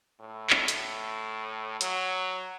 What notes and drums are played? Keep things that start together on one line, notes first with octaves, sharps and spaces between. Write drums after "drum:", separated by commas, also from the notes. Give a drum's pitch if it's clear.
A2
drum: clap
A2, drum: hi-hat
F#3, drum: hi-hat